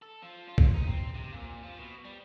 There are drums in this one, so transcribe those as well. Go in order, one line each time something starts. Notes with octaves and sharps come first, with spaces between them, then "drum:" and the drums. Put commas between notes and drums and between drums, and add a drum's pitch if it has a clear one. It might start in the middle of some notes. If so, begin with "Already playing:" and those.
A4
F3
F4
drum: kick B1
D#4
C4
C3
A#2
F3
B2
G3